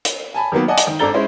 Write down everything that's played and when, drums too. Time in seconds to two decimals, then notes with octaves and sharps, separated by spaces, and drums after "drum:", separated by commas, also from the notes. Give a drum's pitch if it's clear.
0.05 drum: hi-hat
0.34 G#5 A5 B5
0.52 D#3 F#3 A#3 B3
0.68 D5 D#5 F#5 G#5 A5
0.78 drum: hi-hat
0.87 D#3
0.99 G#1 D4 A4 A#5 A6 G7
1.14 G#3 C#4 E4 C5